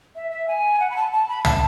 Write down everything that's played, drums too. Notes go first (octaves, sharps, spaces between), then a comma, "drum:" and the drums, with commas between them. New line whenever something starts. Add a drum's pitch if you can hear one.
E5
E5
G#5
F#5
B5
A5
A5
B5
A5, drum: tom C2